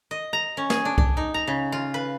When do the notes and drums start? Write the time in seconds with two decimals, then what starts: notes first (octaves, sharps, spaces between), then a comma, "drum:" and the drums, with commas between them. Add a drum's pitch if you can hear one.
0.11 D#5
0.33 A#5
0.57 C#4
0.70 G#4, drum: snare
0.85 D4
0.98 D4, drum: kick C2
1.17 D#4
1.34 A#5
1.47 C#3
1.72 F4
1.94 B4